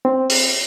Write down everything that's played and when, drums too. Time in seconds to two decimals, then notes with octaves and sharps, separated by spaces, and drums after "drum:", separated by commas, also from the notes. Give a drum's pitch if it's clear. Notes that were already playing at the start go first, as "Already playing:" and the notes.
0.05 C4
0.30 drum: open hi-hat